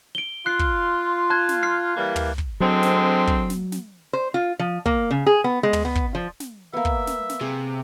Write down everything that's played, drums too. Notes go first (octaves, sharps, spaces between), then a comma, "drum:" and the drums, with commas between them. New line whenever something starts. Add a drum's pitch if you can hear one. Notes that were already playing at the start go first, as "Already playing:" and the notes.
D7 G7
F4 F#6 C7
drum: kick
A5 F#6 G#6
drum: snare
F6 C7
E3 G3 A#3
drum: tom
drum: kick
D3 F#3 G#3 C4
drum: snare
drum: kick
drum: snare
drum: snare
C5
F4
F3
A#3, drum: kick
C#3
G#4
B3
G#3
drum: tom
B3
drum: kick
F3
drum: snare
A#3 B3 E5
drum: kick
drum: snare
drum: snare
C3 G#4